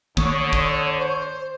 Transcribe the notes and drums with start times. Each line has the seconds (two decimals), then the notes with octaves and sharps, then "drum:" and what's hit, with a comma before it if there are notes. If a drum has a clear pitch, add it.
0.17 D3 D#3 A#3 C#5 D#6, drum: kick
0.53 drum: kick
0.97 C5